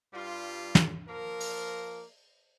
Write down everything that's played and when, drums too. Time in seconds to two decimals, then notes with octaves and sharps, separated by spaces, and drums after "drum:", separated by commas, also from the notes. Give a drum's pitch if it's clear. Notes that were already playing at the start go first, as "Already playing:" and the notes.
0.14 G2 G3 F4
0.75 drum: snare
1.08 F3 A#3 A#4
1.40 drum: open hi-hat